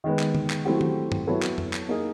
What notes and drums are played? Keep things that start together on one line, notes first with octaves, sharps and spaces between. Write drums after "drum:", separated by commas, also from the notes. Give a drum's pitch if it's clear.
D#3 G#3 B3
drum: clap
drum: tom
drum: clap
F#3 A3 C4 E4 G4
drum: tom
drum: tom G2
F#3 B3 E4 A4 C#5
drum: clap
drum: tom F2
drum: clap
A#3 D#4 G#4